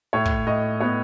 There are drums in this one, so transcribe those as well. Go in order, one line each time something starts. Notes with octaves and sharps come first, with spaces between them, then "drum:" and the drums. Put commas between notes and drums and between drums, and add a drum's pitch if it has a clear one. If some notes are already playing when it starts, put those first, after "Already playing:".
A2 C#5
drum: kick
A2 D#5
B3 C#5